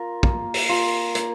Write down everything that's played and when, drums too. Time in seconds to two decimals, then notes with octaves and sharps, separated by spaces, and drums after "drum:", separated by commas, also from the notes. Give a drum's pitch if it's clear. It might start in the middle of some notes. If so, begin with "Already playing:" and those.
Already playing: F4 A#4
0.23 A#3, drum: kick
0.54 drum: open hi-hat
0.69 F4 A#4
1.15 A#3, drum: hi-hat